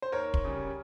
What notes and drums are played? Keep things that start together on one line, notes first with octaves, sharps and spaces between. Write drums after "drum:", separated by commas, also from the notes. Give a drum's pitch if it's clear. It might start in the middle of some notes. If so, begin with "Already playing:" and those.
C5
D#2 A#4 C#5
drum: kick
C#3 G3